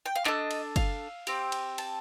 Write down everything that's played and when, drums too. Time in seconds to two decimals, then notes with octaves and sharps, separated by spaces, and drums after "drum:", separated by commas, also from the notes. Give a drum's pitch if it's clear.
0.06 G5
0.15 F5
0.25 D4 A4 D#5, drum: clap
0.51 drum: cymbal
0.76 F5, drum: kick F#1, cymbal
1.27 C4 G4, drum: cymbal
1.52 drum: cymbal
1.78 A5, drum: cymbal